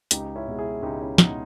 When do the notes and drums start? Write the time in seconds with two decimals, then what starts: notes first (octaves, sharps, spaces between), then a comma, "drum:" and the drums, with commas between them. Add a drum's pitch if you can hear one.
0.11 C#2 D#4 G4, drum: hi-hat
0.36 C#4 E4
0.48 B2 G#3
0.59 E4 G#4
0.82 C#2 D#4 G4
1.01 C#4 E4
1.18 B2 G#3 D#4, drum: snare